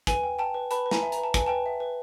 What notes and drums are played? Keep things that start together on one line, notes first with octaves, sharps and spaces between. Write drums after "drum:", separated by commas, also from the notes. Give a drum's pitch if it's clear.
B4 G#5, drum: kick, hi-hat
G5
G5 A5
B4
B4 A5 B5, drum: hi-hat
B4
G#5 A#5, drum: snare
E5
A#5, drum: hi-hat
B4
A5
B4 G#5, drum: kick, hi-hat
B4 G5 A5
E5
B4